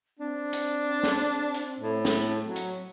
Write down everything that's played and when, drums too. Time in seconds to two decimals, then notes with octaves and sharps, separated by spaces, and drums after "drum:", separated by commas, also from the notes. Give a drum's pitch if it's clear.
0.19 C4 D4
0.53 drum: hi-hat
1.03 drum: snare
1.54 drum: hi-hat
1.80 A2
2.05 drum: snare
2.45 F#3
2.56 drum: hi-hat